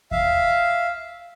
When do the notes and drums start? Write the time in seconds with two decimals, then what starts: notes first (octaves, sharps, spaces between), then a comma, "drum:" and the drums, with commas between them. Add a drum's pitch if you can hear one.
0.11 E5 F5, drum: kick D#2